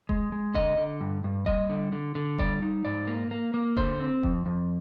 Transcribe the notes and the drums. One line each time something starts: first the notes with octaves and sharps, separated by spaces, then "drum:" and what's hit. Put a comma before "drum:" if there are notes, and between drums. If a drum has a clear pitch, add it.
G#3, drum: kick E1
G#3
D3 D#5, drum: kick E1
D3
G2
G2
G3 D#5, drum: kick E1
D3
D3
D3
G3 D5, drum: kick E1
D#4
G#2 D5
A#3
A#3
A#3
D3 C5, drum: kick E1
C4
F2, drum: kick E1
F2